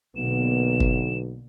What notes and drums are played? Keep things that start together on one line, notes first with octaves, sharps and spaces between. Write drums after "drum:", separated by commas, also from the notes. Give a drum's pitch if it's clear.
B1 B2 D3 A#3 B3 E7
drum: kick F#1